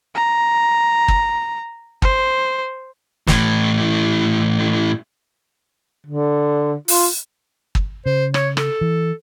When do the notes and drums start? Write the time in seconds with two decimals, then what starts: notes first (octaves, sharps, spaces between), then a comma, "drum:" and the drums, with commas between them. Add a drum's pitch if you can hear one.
0.15 A#5
1.08 drum: kick
2.02 C5, drum: kick
3.27 A2 E3, drum: snare
6.07 D3
6.88 F4, drum: open hi-hat
7.75 drum: kick
8.06 C#3 C5
8.34 C#5, drum: rim click
8.57 A4, drum: rim click
8.81 E3